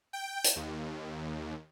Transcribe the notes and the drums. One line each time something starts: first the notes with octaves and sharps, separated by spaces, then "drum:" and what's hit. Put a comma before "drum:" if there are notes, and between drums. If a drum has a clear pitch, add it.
G5
drum: hi-hat
D#2